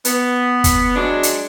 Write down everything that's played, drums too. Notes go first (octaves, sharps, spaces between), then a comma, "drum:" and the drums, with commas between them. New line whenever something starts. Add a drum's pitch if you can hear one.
B3, drum: hi-hat
drum: kick, hi-hat
F#3 G#3 D4
drum: hi-hat